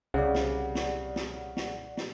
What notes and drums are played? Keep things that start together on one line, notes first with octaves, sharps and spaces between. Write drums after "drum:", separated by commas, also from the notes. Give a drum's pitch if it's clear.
C2 C#3 D5 F#5
drum: snare
drum: snare
drum: snare
drum: snare
drum: snare